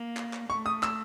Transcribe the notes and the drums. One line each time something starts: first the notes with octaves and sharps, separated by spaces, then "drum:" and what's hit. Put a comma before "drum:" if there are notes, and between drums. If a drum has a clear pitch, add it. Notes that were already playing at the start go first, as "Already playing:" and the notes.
Already playing: A#3
drum: clap
drum: clap
A3 C#6
D#6
E6, drum: clap